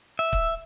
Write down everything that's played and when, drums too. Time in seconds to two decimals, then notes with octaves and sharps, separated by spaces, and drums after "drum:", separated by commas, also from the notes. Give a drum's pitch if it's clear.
0.19 E5
0.33 drum: kick C#1